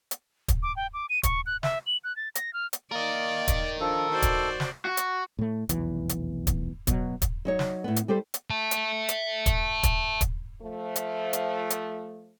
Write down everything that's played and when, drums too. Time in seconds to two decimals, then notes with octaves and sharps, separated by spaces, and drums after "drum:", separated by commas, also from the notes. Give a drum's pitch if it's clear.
0.11 drum: hi-hat
0.48 drum: kick, hi-hat
0.63 D6
0.77 G5
0.94 D6
1.10 D#7
1.23 C#6, drum: kick, hi-hat
1.46 F#6
1.63 E5, drum: snare
1.86 F#7
2.04 F#6
2.16 A6
2.35 A#6, drum: hi-hat
2.53 F6
2.73 drum: hi-hat
2.92 A#3 A#4 D5 D#5
3.48 drum: kick, hi-hat
3.80 F3 D4 A4
4.10 D#3 F#4 C5 D5
4.22 drum: kick, hi-hat
4.60 drum: snare
4.85 F#4
4.97 drum: hi-hat
5.39 A2 A3
5.69 F1 B1 E2 E3, drum: hi-hat
6.09 drum: hi-hat
6.47 drum: kick, hi-hat
6.87 B2 F#3, drum: kick, hi-hat
7.22 drum: kick, hi-hat
7.45 F#3 D#4 C#5
7.59 drum: snare
7.84 A2 B3
7.96 drum: hi-hat
8.08 G3 G4 A4 C5
8.34 drum: hi-hat
8.50 E5 A5
8.71 drum: hi-hat
9.09 drum: hi-hat
9.46 drum: kick, hi-hat
9.83 drum: kick, hi-hat
10.21 drum: kick, hi-hat
10.62 F3 A3
10.96 drum: hi-hat
11.33 drum: hi-hat
11.70 drum: hi-hat